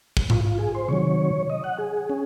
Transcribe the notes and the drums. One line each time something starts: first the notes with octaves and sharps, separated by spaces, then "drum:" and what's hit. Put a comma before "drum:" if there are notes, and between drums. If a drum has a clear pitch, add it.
drum: kick
F4, drum: tom G#2
F4
G#4
C5
C3 D#3 F#3 C#5
D#5
F#5
G#4
C#4